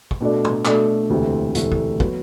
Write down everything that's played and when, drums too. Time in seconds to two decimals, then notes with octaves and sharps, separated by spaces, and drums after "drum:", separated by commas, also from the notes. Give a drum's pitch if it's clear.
0.11 drum: kick
0.21 B2 A3 D4 A4 D5
0.45 drum: tom
0.65 B2 A3 D4 A4 D5, drum: clap
1.10 E1 D2 C3 E3 A3
1.55 E1 D2 C3 E3 A3, drum: hi-hat
1.72 drum: kick
2.00 F#3 B3, drum: kick